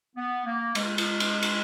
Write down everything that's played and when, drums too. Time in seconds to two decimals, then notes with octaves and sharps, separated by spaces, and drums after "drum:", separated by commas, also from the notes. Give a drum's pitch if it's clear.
0.16 B3
0.45 A#3
0.75 G#3, drum: cymbal
0.98 drum: cymbal
1.20 drum: cymbal
1.42 drum: cymbal